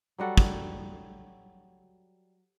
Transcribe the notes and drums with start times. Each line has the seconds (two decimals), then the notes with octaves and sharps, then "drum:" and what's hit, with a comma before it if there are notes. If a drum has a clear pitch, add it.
0.18 F#3 G3 F#4 A4
0.37 drum: kick